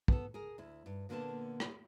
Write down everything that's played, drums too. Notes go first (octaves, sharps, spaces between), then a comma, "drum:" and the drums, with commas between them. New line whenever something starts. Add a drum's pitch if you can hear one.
B3 A4, drum: kick
G#4 A#4
D2 E4
G2
A#2 D3 A#3 B3 A4 A5
drum: rim click